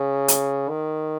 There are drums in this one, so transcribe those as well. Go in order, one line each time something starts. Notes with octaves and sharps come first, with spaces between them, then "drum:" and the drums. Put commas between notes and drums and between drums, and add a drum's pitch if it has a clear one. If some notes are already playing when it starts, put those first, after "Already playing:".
Already playing: C#3
drum: hi-hat
D#3